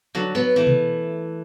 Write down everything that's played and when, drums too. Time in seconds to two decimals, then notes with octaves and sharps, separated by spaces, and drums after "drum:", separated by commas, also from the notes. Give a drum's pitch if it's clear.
0.15 D3 F#3
0.35 F#3 B3
0.56 E3 A3
0.67 drum: tom B2